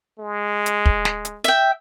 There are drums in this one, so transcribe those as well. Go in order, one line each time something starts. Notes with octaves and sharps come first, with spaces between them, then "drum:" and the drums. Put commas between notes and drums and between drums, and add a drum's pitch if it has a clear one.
G#3
drum: hi-hat
drum: kick
drum: snare
drum: hi-hat
E5 G5, drum: hi-hat